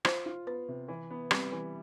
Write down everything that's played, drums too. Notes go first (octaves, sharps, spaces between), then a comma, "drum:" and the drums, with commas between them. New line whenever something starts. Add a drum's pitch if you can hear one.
F4 C5, drum: rim click
F4
B3 B4
C3
E3
B3
G3 C4, drum: rim click
E3